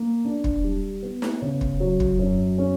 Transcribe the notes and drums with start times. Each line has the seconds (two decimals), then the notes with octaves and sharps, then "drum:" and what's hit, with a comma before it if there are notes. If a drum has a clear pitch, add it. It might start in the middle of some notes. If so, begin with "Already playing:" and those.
Already playing: A#3
0.25 D4
0.44 drum: kick
0.64 G3
1.02 B3
1.22 drum: snare
1.42 C#3
1.61 drum: kick
1.80 F#3
2.00 drum: kick
2.19 F#2
2.58 C#4